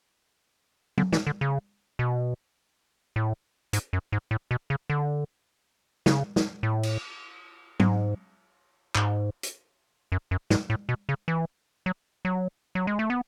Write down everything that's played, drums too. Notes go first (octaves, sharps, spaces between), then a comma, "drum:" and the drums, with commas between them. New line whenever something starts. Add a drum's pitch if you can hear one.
D3, drum: tom
E3, drum: snare
D3
C#3
B2
A2
G#2, drum: hi-hat
F#2
G#2
A2
B2
C#3
D3
C#3, drum: snare
drum: snare
A2
drum: cymbal
G#2, drum: tom
G#2, drum: clap
drum: hi-hat
F#2
F#2
G#2, drum: snare
A2
B2
C#3
E3
F#3
F#3
F#3
G#3
A3
B3